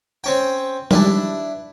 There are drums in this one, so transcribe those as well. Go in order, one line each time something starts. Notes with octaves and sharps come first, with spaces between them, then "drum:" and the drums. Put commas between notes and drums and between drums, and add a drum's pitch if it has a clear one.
C4 C#4 G5
D#3 G3 G#3 D4 E4 B4, drum: tom F3